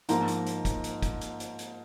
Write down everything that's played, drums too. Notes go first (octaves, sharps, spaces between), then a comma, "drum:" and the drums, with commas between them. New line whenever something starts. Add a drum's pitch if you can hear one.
G#2 F3 A#3 A#5, drum: hi-hat
drum: hi-hat
drum: hi-hat
drum: kick, hi-hat
drum: hi-hat
drum: kick, hi-hat
drum: hi-hat
drum: hi-hat
drum: hi-hat